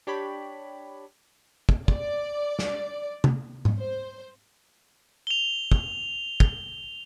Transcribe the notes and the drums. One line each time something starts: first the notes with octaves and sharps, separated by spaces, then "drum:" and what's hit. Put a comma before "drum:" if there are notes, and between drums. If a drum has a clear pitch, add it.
D4 G4 C#5 B5
drum: kick
D5, drum: kick
drum: snare
drum: tom
drum: tom G#2
C5
F7 G7
drum: kick
drum: kick